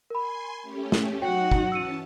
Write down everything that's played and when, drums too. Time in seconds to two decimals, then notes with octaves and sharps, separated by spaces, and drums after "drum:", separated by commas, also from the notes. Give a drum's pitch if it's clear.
0.10 A#4 G#5 B5 C6
0.63 A3 C#4 G4
0.92 drum: snare
1.22 F#3 D#4 F#4 C#5 F#5 G5
1.51 drum: kick
1.72 E3 C#4 A5 E6 C#7 D#7